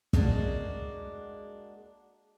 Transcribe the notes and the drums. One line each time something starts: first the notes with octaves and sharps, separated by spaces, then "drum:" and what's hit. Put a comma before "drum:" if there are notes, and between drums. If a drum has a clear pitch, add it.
G#3 A#3 D4 F#4, drum: kick